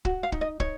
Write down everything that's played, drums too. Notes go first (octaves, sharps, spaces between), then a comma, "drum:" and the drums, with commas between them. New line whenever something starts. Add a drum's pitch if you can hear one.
F#4, drum: kick
F5
D#4, drum: kick
D#5
D#4 C#5, drum: kick